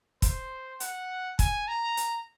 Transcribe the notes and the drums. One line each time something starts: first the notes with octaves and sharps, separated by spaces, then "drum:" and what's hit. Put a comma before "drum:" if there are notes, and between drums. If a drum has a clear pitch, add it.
C5, drum: kick, hi-hat
F#5, drum: hi-hat
G#5, drum: kick, hi-hat
A#5
drum: hi-hat